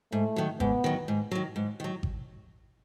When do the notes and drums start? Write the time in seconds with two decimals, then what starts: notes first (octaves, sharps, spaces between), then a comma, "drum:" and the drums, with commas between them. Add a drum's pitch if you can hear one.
0.12 G#2 A3
0.36 D#3 F#3
0.60 G#2 B3, drum: kick G#1
0.84 D#3 F#3
1.08 G#2
1.31 D#3 F#3
1.56 G#2
1.80 D#3 F#3
2.03 drum: kick G#1